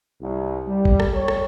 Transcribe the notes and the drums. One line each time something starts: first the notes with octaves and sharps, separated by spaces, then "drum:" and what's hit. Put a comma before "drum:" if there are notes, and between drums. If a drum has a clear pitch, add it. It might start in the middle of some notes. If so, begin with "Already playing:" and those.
C2
G3
drum: kick
drum: rim click
C#5
drum: rim click